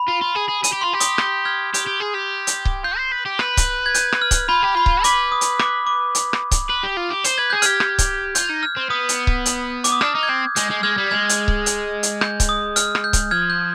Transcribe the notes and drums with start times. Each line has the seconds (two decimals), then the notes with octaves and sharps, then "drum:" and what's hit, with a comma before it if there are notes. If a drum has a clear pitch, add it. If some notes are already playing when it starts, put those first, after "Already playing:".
Already playing: B5
0.08 F4
0.22 F4
0.36 G#4
0.49 G#4
0.64 G#4, drum: hi-hat
0.73 G4
0.81 F4 C6
0.94 G4
1.00 D#6, drum: hi-hat
1.18 G6, drum: rim click
1.45 F6 G#6
1.74 G4, drum: hi-hat
1.87 G4
2.01 G#4
2.14 G4
2.47 drum: hi-hat
2.65 drum: kick C#1
2.84 F4 G6
2.98 C5
3.12 B4
3.26 G4
3.39 B4, drum: rim click
3.57 drum: kick C#1, hi-hat
3.86 G#6
3.94 G6, drum: hi-hat
4.12 drum: rim click
4.22 F6
4.31 drum: kick C#1, hi-hat
4.49 F4 B5
4.63 G4
4.75 F4 B5
4.86 drum: kick C#1
5.04 B4 D6, drum: hi-hat
5.32 D#6
5.41 drum: hi-hat
5.59 D6, drum: rim click
5.87 D6
6.15 drum: hi-hat
6.33 drum: rim click
6.51 drum: kick C#1, hi-hat
6.69 B4
6.83 G4
6.97 F4
7.11 G4
7.24 C5, drum: hi-hat
7.38 B4 G#6
7.50 G#4 G6
7.62 G4 F6 G#6, drum: hi-hat
7.80 drum: rim click
7.98 drum: kick C#1, hi-hat
8.35 F4 G6, drum: hi-hat
8.50 D#4
8.63 F6
8.77 C4
8.90 B3 D#6
9.09 drum: hi-hat
9.27 drum: kick C#1
9.46 drum: hi-hat
9.84 D6, drum: hi-hat
9.92 D#6
10.01 D4 F6, drum: rim click
10.15 D#4
10.23 G#6
10.28 C4 G6
10.56 G#3 G6, drum: hi-hat
10.70 G#3
10.83 G#3 F6 G#6
10.98 G3
11.11 G#3 F6 G#6
11.29 drum: hi-hat
11.48 drum: kick C#1
11.66 drum: hi-hat
12.03 drum: hi-hat
12.21 G6, drum: rim click
12.40 drum: kick C#1, hi-hat
12.49 D#6
12.76 F6, drum: hi-hat
12.95 drum: rim click
13.04 G6
13.13 drum: kick C#1, hi-hat
13.31 F3 F6 G#6
13.50 G6